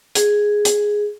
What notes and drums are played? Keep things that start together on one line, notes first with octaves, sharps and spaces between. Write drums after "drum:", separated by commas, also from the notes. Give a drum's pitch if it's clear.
G#4, drum: hi-hat
drum: hi-hat